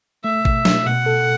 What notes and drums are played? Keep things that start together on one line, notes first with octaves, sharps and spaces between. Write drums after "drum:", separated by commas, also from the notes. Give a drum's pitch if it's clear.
A3 E5
B2, drum: kick G#1
A3, drum: snare
B2 F#5
A4